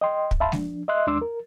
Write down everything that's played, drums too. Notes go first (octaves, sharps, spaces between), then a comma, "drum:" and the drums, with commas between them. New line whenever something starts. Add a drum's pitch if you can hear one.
D#5 G5 C6
drum: kick
E5 F5 A5 B5 C6
F3 D4, drum: snare G#3
D#5 E5 C6 F#6
D#2 G#3 D4 C6 D6 E6
A#4